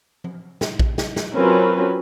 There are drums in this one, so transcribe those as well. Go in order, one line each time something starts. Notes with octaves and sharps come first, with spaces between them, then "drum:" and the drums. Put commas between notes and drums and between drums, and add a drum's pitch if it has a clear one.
drum: tom F3
drum: snare
drum: kick A#1
drum: snare
drum: snare
F#3 C4 C#4 F4 A#4 B4